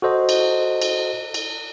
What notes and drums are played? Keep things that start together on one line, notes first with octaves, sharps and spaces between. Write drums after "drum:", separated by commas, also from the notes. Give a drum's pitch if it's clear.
F#4 A4 C5 D#5
drum: cymbal
drum: cymbal
drum: cymbal